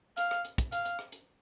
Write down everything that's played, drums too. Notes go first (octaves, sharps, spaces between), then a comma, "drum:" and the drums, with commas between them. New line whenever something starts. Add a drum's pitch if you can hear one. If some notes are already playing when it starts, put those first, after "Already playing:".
F5, drum: hi-hat
drum: rim click
drum: hi-hat
drum: kick, hi-hat
F5, drum: hi-hat
drum: hi-hat
drum: rim click
drum: hi-hat